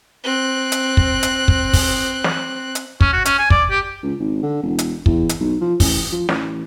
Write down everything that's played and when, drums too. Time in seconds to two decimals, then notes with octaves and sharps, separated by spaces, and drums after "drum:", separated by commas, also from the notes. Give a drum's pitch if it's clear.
0.24 C4 F#6
0.72 drum: hi-hat
0.97 drum: kick
1.23 drum: hi-hat
1.48 drum: kick
1.73 drum: kick, open hi-hat
2.24 drum: snare
2.75 drum: hi-hat
3.01 C#4, drum: kick
3.13 F#4
3.25 C#4, drum: hi-hat
3.39 G#5
3.50 D5, drum: kick
3.70 G4
4.03 C#2
4.20 G#1
4.43 D3
4.63 E1
4.79 drum: hi-hat
5.06 E2, drum: kick
5.29 drum: hi-hat
5.41 B1
5.61 F3
5.80 A1, drum: kick, open hi-hat
6.13 F3
6.29 A1, drum: snare